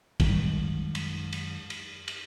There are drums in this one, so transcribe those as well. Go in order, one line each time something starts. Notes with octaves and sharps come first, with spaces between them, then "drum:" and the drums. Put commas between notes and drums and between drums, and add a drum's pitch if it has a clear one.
F#2 D#3 G3 G#3, drum: kick, cymbal
drum: cymbal
drum: cymbal
drum: cymbal
drum: cymbal